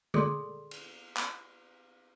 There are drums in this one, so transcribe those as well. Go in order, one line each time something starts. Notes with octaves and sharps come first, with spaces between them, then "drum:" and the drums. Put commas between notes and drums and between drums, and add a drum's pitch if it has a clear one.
G#4 A4 D5 C6, drum: tom
drum: cymbal
drum: clap